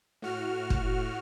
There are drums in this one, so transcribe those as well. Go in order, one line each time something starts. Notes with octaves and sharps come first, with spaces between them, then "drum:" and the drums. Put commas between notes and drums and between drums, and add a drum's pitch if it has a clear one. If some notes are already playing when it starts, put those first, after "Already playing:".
A2 F#4 F6
drum: kick